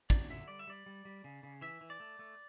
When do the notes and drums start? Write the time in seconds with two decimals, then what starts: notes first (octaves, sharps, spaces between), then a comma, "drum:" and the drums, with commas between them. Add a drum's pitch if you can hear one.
0.10 F#3 D5, drum: kick
0.30 D3 E5
0.48 G3 D5
0.59 E5
0.67 G3 D5
0.86 G3
1.05 G3
1.24 C#3
1.43 C#3
1.61 E3 E5
1.81 E3
1.90 D5
2.00 A3
2.19 A3